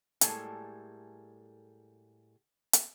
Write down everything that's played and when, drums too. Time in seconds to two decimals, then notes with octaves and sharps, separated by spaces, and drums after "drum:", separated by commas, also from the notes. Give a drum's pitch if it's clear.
0.21 A2 G3 G#3 A#3 A4 G#5, drum: hi-hat
2.73 drum: hi-hat